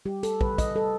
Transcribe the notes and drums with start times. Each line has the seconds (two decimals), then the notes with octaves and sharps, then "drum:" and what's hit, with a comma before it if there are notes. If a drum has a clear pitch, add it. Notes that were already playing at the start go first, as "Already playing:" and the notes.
0.05 G3 G4
0.23 A4, drum: hi-hat
0.41 G3 B4, drum: kick
0.58 D#5, drum: kick, hi-hat
0.75 G3 A4